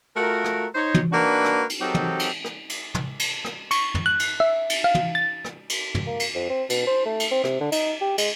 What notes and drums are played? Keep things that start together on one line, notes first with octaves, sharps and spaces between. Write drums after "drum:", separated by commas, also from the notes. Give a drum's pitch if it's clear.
A3 F4 F#4 A#4
drum: rim click
D#4 C5 C#5
drum: tom
A#3 D4 D#4 F#4 B4
drum: rim click
drum: cymbal
F#3 C4 D#4 G4 A4 A#4
drum: tom
drum: cymbal
drum: rim click
drum: cymbal
drum: tom
drum: cymbal
drum: rim click
C#6, drum: cymbal
drum: tom
F#6
drum: cymbal
E5
drum: cymbal
F5
drum: tom
A6
drum: rim click
drum: cymbal
drum: tom
A#3
drum: cymbal
F2
C4
B2, drum: cymbal
C5
A3
drum: cymbal
C4
C3, drum: rim click
D3
D#4, drum: cymbal
G4
G#3, drum: cymbal